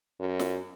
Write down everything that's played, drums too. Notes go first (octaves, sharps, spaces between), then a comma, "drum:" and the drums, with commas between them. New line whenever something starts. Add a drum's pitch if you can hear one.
F#2
drum: snare